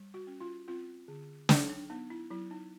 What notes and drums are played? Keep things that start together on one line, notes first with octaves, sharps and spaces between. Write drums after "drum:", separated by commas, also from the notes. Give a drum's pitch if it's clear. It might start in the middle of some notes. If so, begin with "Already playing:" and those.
Already playing: G3
F#4
C#4
F4
C4 F4
D3
F#3 D#4, drum: snare
D4
B3 D#4
E4
F#3 E4
D#4